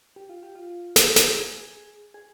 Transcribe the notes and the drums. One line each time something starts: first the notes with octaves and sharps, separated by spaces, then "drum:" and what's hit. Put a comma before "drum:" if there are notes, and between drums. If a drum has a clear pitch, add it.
G4
F4
G4
F4
drum: snare
drum: snare
G#4
G#4